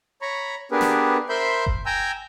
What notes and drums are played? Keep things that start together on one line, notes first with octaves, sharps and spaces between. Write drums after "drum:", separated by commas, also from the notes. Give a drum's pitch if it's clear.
C#5 A#5 B5 C#6
B3 D4 G4 G#4 A#4 B4
drum: snare
A#4 C5 E5 B5 C6 G6
drum: kick F#1
G5 G#5 A#5 E6 G6